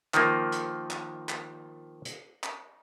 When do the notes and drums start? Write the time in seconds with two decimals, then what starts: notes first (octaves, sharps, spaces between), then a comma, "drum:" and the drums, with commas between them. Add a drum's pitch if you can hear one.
0.14 D#3 F3 A#3, drum: clap
0.52 drum: hi-hat
0.91 drum: clap
1.29 drum: clap
2.05 drum: hi-hat
2.44 drum: clap